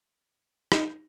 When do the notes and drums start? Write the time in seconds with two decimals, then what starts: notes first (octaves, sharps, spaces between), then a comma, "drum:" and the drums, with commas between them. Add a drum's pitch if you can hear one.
0.72 D#4, drum: rim click